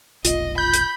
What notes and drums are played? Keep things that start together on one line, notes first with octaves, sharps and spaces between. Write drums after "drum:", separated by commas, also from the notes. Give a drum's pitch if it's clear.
F1 B1 F4 D#5, drum: hi-hat
B5 G6
drum: hi-hat